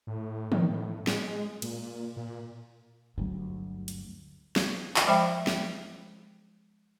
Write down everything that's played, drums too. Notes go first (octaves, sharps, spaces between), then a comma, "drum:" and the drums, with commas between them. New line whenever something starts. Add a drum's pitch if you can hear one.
A2
D#3, drum: tom
A2
G#3, drum: snare
A#2, drum: cymbal
A#2
G1 D2 F#3
drum: hi-hat
drum: snare
drum: clap
F3 G#3 C5 E5 G5 B5
drum: snare